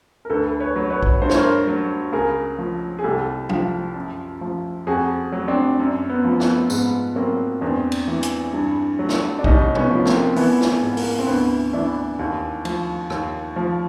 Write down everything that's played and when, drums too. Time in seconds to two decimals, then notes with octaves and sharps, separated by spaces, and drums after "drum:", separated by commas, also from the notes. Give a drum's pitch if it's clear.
0.25 A#4
0.30 D2 A4 B4
0.60 B4 C#5
0.76 F#3
0.90 B4 C#5
1.03 drum: kick A#1
1.22 G2 C5
1.30 C#5, drum: snare
1.37 A#4 C5
1.67 F#3
2.12 C#2 G#4 A#4
2.58 F3
2.99 G#4
3.04 C2 G4 A4
3.49 F3, drum: tom F#3
3.95 F#2
4.41 F3
4.87 F2 F#4 G#4
5.32 F#3
5.48 C4 D4
5.79 F#2
6.10 B3
6.24 F3
6.40 B3, drum: snare
6.70 G#2 B3, drum: tambourine
7.15 F#3 A#3 C4
7.61 E2 C4 D4
7.92 drum: cymbal
8.08 E3
8.23 drum: hi-hat
8.53 G2
8.99 F#3
9.09 drum: snare
9.39 D4
9.44 C2 C#4 D#4, drum: kick A#1
9.75 B3 C#4, drum: tom A#2
9.90 F3
10.05 A#3 C4, drum: snare
10.36 E3 B3, drum: open hi-hat
10.61 drum: snare
10.82 G#2
10.97 A#3, drum: open hi-hat
11.19 C4
11.27 D2 B3
11.73 E3 D4 E4
12.19 D#2
12.65 F3, drum: cymbal
13.10 D#2, drum: rim click
13.56 F3